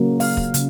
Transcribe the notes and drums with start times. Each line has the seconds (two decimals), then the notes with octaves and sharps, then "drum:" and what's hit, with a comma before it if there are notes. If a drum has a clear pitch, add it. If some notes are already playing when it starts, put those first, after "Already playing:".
Already playing: C#3 F#3 A#3
0.20 F5, drum: open hi-hat
0.37 drum: kick
0.54 C#3, drum: hi-hat